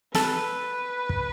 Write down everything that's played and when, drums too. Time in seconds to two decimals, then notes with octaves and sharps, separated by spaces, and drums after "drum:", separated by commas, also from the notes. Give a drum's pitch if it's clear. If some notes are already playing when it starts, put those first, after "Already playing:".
0.14 A4 B4, drum: snare
1.09 drum: kick